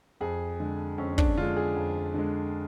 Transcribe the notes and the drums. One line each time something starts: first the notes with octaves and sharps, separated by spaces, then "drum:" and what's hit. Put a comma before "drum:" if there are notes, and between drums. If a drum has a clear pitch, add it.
F2 G#4
D3 G#3
F2 C#4
D4, drum: kick
D3 G#3 F4
G#4
F2
D3 G#3